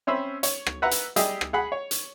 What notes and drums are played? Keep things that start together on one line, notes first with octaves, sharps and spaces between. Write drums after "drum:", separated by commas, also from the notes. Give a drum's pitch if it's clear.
C4 C#4 C5 E5 B5
C#5, drum: hi-hat
drum: rim click
B4 E5 F#5 A#5
drum: hi-hat
G3 G4 G#4 D#5 E5, drum: hi-hat
drum: rim click
G#4 F#5 B5
C#5
drum: hi-hat